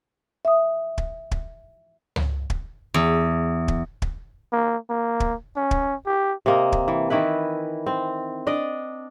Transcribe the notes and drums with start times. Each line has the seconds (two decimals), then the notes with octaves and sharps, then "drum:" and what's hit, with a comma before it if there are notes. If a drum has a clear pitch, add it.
0.45 E5 D#6
0.98 drum: kick
1.31 drum: kick
2.16 drum: tom C#2
2.50 drum: kick
2.94 E2
3.68 drum: kick
4.02 drum: kick
4.53 A#3
4.90 A#3
5.20 drum: kick
5.56 C#4
5.71 drum: kick
6.06 G4
6.46 C3 A#3 D#5
6.72 drum: kick
6.88 E3
7.10 D#3 E3 E4 B4
7.86 C4
8.47 D4 D5 D#5